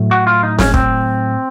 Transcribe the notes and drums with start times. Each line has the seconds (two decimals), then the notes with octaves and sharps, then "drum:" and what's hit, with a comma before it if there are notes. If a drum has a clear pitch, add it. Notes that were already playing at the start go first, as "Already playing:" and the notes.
Already playing: A2 F#3 A3
0.11 F#4
0.27 F4
0.43 D#4
0.59 C#4, drum: snare
0.74 C4, drum: kick